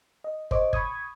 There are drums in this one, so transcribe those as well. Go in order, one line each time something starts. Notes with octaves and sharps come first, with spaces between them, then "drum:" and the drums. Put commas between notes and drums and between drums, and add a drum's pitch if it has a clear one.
D#5
C5 C#5 D#5 D6, drum: kick
B5 C#6 D#6 G#6, drum: kick